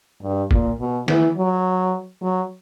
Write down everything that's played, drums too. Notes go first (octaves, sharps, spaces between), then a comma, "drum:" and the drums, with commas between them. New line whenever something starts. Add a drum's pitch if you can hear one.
G2
A#2, drum: kick
B2
E3, drum: snare
F#3
F#3